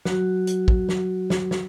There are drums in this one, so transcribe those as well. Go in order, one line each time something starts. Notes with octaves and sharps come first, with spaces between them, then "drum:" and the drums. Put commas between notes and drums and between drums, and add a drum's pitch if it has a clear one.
F#3 F#4, drum: snare
drum: hi-hat
drum: kick
drum: snare
drum: snare
drum: snare